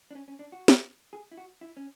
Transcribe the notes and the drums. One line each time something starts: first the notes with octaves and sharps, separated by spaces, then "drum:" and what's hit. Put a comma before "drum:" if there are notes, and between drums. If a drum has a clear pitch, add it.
D4
C#4
C#4
D4
F#4
drum: snare
G#4
E4
F#4
E4
C#4